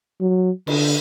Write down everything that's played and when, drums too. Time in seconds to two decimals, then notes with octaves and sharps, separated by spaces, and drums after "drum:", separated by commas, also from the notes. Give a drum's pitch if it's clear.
0.21 F#3
0.67 D3, drum: cymbal